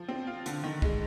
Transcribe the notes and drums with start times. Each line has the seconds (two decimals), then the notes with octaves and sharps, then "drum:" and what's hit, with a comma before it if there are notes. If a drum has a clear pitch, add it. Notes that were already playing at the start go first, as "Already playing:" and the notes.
Already playing: F3
0.08 C4
0.27 F4
0.46 D3, drum: hi-hat
0.63 D#3
0.82 G#3, drum: kick